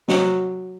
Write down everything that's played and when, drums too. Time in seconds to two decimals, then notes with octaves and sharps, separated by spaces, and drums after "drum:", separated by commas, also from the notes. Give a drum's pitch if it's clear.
0.08 F#3, drum: snare